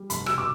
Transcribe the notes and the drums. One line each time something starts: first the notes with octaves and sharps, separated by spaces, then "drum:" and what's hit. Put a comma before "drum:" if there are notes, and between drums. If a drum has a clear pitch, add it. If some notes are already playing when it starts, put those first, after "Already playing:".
Already playing: G3
F1 B5, drum: hi-hat
B2 E6, drum: rim click
D6